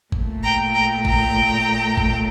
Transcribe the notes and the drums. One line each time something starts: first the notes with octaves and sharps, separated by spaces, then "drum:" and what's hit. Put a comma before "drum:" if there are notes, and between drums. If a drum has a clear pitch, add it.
A#2 A3, drum: kick G#1
G5 A#5
G5 A#5
G5 A#5, drum: kick G#1
drum: kick G#1